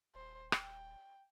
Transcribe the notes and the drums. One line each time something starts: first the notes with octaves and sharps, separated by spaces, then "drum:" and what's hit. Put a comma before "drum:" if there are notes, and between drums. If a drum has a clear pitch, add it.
D#1 C5
G5, drum: rim click